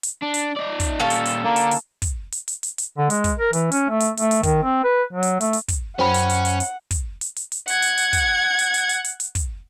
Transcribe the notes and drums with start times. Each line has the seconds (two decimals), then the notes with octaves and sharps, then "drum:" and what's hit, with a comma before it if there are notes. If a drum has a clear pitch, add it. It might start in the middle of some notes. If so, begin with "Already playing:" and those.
0.03 drum: hi-hat
0.22 D4
0.34 drum: hi-hat
0.56 D#4 D5
0.80 drum: kick, hi-hat
1.00 A#2 G3 C#4 F4 A4
1.10 drum: hi-hat
1.25 drum: hi-hat
1.45 D3 A#3
1.56 drum: hi-hat
1.71 drum: hi-hat
2.02 drum: kick, hi-hat
2.32 drum: hi-hat
2.48 drum: hi-hat
2.63 drum: hi-hat
2.78 drum: hi-hat
2.98 D3
3.10 G#3, drum: hi-hat
3.24 drum: kick, hi-hat
3.38 A#4
3.53 E3, drum: hi-hat
3.72 C#4, drum: hi-hat
3.90 A3
4.00 drum: hi-hat
4.17 A3, drum: hi-hat
4.31 drum: hi-hat
4.43 D#3, drum: kick, hi-hat
4.63 C4
4.84 B4
5.13 F#3
5.23 drum: hi-hat
5.41 A3, drum: hi-hat
5.53 drum: hi-hat
5.68 drum: kick, hi-hat
5.99 F#2 C#4 C5 F#5 G5 B5
6.14 drum: hi-hat
6.30 drum: hi-hat
6.45 drum: hi-hat
6.60 drum: hi-hat
6.91 drum: kick, hi-hat
7.21 drum: hi-hat
7.36 drum: hi-hat
7.52 drum: hi-hat
7.68 F#5 G#6, drum: hi-hat
7.82 drum: hi-hat
7.98 drum: hi-hat
8.13 drum: kick, hi-hat
8.59 drum: hi-hat
8.74 drum: hi-hat
8.89 drum: hi-hat
9.04 drum: hi-hat
9.20 drum: hi-hat
9.35 drum: kick, hi-hat